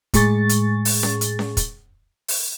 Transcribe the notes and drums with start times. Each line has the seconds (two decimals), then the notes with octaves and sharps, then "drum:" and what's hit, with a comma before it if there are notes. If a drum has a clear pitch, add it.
0.14 A2 G#3 G#4 C#6 A6, drum: kick, hi-hat
0.49 drum: hi-hat
0.85 drum: open hi-hat
1.03 drum: snare C#4
1.21 drum: hi-hat
1.39 drum: snare C#4
1.57 drum: kick, hi-hat
2.28 drum: open hi-hat